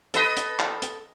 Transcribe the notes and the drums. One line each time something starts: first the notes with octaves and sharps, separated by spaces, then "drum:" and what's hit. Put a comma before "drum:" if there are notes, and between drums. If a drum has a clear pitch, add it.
A4 B4 D#5, drum: hi-hat
drum: hi-hat
drum: clap
drum: hi-hat